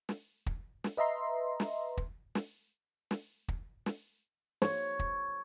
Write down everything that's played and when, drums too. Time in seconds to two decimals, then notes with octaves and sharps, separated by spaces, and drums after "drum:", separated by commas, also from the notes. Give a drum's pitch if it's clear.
0.09 drum: snare
0.46 drum: kick
0.84 drum: snare
0.97 B4 D#5 E5 A#5 C6
1.60 drum: snare
1.97 drum: kick
2.35 drum: snare
3.11 drum: snare
3.48 drum: kick
3.86 drum: snare
4.62 C#5, drum: snare
4.99 drum: kick